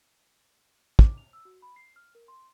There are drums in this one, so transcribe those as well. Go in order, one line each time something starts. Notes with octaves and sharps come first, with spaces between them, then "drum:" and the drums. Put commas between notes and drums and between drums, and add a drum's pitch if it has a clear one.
D6, drum: kick
F7
E6
F#4
B5
C7
F6
A#4
C6